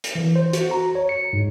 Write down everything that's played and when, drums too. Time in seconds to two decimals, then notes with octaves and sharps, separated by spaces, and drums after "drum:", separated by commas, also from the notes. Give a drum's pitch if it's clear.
0.04 drum: hi-hat
0.15 E3
0.36 C5
0.53 F#4, drum: hi-hat
0.71 A#5
0.95 C#5
1.09 C#7
1.33 G#2